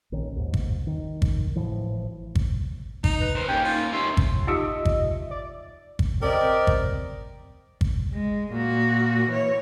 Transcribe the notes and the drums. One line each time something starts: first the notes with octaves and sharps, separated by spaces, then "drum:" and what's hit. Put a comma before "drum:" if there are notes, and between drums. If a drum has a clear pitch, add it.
A#1 D#3 C#4
D#2 G#2
drum: kick
D#3
drum: kick
G#1 A2 E3 F3
drum: kick
D#4, drum: kick
B4
D#3 C5
D#2 A#3 C#4 G5
D#4 F4
D#2 C#4 E5 C6
drum: kick
D#4 F4 G4 D#5 E5
drum: kick
D5
drum: kick
C4 G4 A#4 D5 D#5
drum: kick
drum: kick
G#3
A#2 F#4
E3 C#5